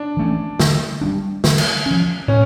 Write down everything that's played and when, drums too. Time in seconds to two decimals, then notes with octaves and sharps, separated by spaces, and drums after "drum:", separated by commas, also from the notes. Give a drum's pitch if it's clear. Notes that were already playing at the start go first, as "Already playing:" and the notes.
Already playing: D4
0.17 E3 A3 C#4
0.60 D3, drum: snare
1.01 G3 A#3 D4
1.44 D3, drum: snare
1.58 drum: cymbal
1.86 F3 C#4
2.28 A2 C#4